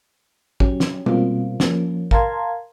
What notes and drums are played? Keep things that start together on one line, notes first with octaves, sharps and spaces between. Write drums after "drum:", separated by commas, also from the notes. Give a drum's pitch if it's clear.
F#3 C#4 G4, drum: kick
drum: snare
B2 G3 A#3 C4 F4, drum: tom
F3 A#3 C#4, drum: snare
A#4 F5 A5 A#5 C6 G#6, drum: kick